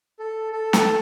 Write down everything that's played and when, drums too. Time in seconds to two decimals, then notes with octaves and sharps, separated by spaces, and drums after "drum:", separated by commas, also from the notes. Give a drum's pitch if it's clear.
0.19 A4
0.53 A4
0.73 A4, drum: snare